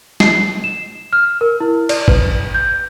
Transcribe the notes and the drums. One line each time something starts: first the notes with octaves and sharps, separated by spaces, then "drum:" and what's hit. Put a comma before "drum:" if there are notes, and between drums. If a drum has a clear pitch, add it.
C7, drum: snare
E7
F6
A#4
E4
D5, drum: cymbal
B4, drum: kick G#1
G6